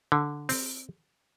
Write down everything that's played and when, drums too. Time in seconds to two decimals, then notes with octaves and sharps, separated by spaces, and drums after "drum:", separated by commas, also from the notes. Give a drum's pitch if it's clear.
0.12 D3
0.49 C4, drum: open hi-hat